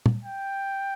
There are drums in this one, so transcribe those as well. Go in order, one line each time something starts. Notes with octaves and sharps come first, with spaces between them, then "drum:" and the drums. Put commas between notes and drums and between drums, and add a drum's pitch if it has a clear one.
drum: tom A#2
G5